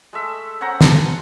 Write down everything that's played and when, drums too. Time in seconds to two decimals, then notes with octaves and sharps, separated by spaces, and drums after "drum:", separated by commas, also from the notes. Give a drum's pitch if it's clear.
0.13 G#3 A3 E5
0.61 C#4 C5 F#5 A#5
0.81 G#5 A5 C6, drum: snare